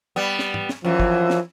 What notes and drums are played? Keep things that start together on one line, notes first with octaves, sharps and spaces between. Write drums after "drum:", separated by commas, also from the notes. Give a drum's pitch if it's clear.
G3 B3
drum: snare
drum: tom
drum: snare
F#2 E3 F3
drum: kick
drum: snare